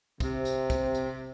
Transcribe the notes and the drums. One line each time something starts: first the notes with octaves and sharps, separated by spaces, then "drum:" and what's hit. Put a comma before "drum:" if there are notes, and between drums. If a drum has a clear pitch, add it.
C3, drum: kick, tambourine
drum: tambourine
drum: kick, tambourine
drum: tambourine